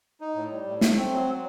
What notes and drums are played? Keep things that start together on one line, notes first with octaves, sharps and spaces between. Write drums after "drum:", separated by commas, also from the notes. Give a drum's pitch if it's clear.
D#4
A2
G3
A2
A3, drum: snare
C4
F#3